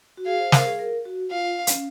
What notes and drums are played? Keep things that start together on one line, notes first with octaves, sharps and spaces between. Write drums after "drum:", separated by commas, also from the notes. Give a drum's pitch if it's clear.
F#4
G#4 F5
C5
A#4, drum: snare
G#4
A#4
F#4
F4 F5
C#4, drum: hi-hat